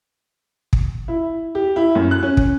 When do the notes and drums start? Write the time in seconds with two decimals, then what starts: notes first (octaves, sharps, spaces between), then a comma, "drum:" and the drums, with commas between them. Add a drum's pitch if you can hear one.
0.73 drum: kick
1.08 E4
1.55 G4
1.76 E4
1.95 F#2
2.11 F#6
2.23 C#4
2.37 drum: kick